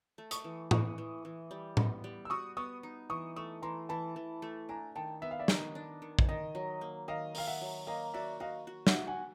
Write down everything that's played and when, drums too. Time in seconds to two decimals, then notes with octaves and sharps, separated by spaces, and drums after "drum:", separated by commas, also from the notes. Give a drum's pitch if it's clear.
0.18 A3
0.31 C#6 D#6, drum: hi-hat
0.44 E3
0.71 E3 C#6 D#6, drum: tom
0.98 E3
1.25 E3
1.51 G3
1.77 B3, drum: tom A2
2.04 G3
2.25 E6
2.30 F#4 C#6 D#6
2.57 B3 C#6 D#6
2.83 D#4
3.10 E3 C#6 D#6
3.36 A3 C#6 D#6
3.62 E3 A#5 C6
3.89 E3 A5 B5
4.16 E3
4.42 A3
4.69 D4 G#5 A#5
4.96 D#3 G5 A5
5.22 B3 E5
5.31 F5
5.39 D5 E5
5.48 D#3 D#5, drum: snare
5.75 D4
6.02 D#3
6.19 drum: kick
6.29 D#3 D#5
6.55 F#3
6.81 A#3
7.08 D#3 D#5 F5
7.35 D#3 F5, drum: open hi-hat
7.47 E5 F#5
7.61 F#3
7.87 A#3 D#5 F5
8.14 F#4 D5 E5
8.40 F#4 D#5 F5
8.67 F#4
8.87 E5 F#5, drum: snare
8.93 F#4
9.07 F#5 G#5